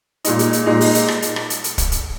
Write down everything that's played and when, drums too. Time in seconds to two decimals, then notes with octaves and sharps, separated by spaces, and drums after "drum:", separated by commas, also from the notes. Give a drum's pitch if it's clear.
0.25 A#2 G#3 D#4, drum: hi-hat
0.39 drum: hi-hat
0.53 drum: hi-hat
0.66 A#2 G#3 D#4
0.81 drum: open hi-hat
0.95 drum: hi-hat
1.08 drum: rim click
1.22 drum: hi-hat
1.36 drum: rim click
1.50 drum: hi-hat
1.64 drum: hi-hat
1.78 drum: kick, hi-hat
1.92 drum: hi-hat